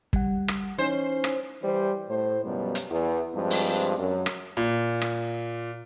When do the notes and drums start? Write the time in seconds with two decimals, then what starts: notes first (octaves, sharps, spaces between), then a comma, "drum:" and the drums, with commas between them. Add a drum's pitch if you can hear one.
0.13 G3 F#5, drum: kick
0.48 drum: rim click
0.79 E3 C#4 D#4 C5
1.24 drum: rim click
1.62 E3 G3 C5
2.08 A2 C5
2.44 F#2 B2 F3 G3
2.75 drum: hi-hat
2.90 E2
3.34 G2 F3 G#3 C4
3.50 drum: open hi-hat
3.98 F#2
4.26 drum: rim click
4.57 A#2
5.02 drum: rim click